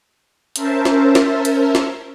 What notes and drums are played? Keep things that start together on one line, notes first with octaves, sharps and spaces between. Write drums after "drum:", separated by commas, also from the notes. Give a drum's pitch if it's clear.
C#4 A#4 C5 E5 A5, drum: hi-hat
drum: snare
drum: snare
drum: hi-hat
drum: snare